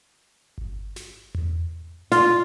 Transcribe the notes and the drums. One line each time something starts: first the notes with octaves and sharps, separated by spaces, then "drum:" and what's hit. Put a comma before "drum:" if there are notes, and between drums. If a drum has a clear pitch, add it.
drum: kick G1
drum: snare
drum: tom E2
F4, drum: snare